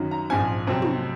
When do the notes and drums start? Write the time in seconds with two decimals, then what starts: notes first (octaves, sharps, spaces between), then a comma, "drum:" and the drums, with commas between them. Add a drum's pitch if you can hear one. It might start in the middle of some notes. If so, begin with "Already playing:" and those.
Already playing: F#2 D#3 F#3
0.11 A#5
0.30 A#1 G#2 F3 C4 G#5
0.67 F2 C3 F#3 C4
0.82 drum: tom